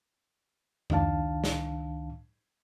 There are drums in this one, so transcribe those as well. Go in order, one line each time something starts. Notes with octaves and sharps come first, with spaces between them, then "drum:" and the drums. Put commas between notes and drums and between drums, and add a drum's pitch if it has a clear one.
C#2 D#3 D4 F5 A5, drum: tom F2
drum: snare